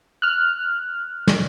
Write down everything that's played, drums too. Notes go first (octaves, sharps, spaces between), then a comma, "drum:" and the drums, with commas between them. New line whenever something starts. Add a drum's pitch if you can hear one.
F6 F#6
drum: snare